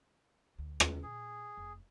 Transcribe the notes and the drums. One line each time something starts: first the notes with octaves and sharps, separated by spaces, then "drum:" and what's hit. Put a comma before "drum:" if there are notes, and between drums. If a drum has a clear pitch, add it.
D2
drum: rim click
A#2 G#4
F1